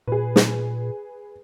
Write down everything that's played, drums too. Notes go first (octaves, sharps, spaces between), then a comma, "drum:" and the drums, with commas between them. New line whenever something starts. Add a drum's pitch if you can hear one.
A#2 G#4 B4
drum: snare